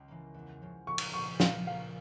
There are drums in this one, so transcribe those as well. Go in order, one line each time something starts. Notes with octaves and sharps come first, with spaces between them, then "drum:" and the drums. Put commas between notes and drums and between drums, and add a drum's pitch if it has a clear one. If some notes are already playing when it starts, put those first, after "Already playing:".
Already playing: C#2
C#3 E3 A#3
E2
C#3 F3
A#1 C#6
drum: cymbal
A#2 F3 C#6
A#2 F5, drum: snare
F3 A#3 F5